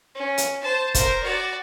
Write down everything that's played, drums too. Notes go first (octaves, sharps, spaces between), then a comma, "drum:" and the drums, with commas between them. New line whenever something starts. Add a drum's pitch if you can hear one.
C#4
drum: hi-hat
C5 A5
A#4 C5, drum: kick, hi-hat
F#4 D5